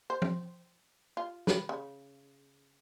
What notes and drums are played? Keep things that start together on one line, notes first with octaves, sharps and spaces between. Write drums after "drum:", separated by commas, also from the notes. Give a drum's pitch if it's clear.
C5
drum: tom F3
F4
B4, drum: snare
C#3